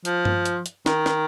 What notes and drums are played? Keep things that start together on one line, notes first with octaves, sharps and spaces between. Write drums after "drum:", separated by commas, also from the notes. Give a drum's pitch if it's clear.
F3, drum: hi-hat
drum: tom G2
drum: hi-hat
drum: hi-hat
D#3, drum: snare
drum: snare